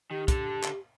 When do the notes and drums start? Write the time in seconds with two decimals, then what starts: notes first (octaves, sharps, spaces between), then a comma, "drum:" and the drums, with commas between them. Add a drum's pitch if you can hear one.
0.11 D#3 G4
0.28 D3 A4, drum: kick, hi-hat
0.64 drum: clap